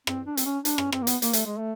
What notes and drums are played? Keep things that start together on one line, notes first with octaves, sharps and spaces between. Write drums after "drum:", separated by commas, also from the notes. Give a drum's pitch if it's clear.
C4, drum: rim click
D4
C4, drum: hi-hat
C#4
D4, drum: hi-hat
C#4, drum: rim click
C4, drum: rim click
A#3
B3, drum: hi-hat
A#3, drum: hi-hat
A3, drum: hi-hat
G#3
A3